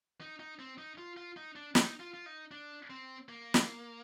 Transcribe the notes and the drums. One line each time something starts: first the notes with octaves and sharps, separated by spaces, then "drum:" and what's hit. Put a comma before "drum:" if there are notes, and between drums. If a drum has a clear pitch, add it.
D#4
D#4
C4
D#4
F4
F4
D#4
D4
D#4, drum: snare
F4
F4
D#4
D4
C4
A#3
drum: snare